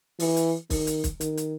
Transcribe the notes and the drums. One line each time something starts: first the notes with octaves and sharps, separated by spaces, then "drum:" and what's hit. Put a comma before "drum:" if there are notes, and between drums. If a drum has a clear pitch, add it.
E3, drum: open hi-hat
drum: hi-hat
D#3, drum: kick, open hi-hat
drum: hi-hat
drum: kick, hi-hat
D#3, drum: hi-hat
drum: hi-hat